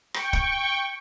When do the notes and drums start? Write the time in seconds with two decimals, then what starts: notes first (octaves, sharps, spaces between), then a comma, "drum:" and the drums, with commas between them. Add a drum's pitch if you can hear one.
0.14 G5 C#6, drum: rim click
0.33 drum: kick